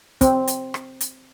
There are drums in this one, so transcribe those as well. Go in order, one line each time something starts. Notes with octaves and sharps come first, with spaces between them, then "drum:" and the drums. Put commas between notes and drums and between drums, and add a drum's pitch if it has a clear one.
C4, drum: kick, hi-hat
drum: hi-hat
drum: rim click
drum: hi-hat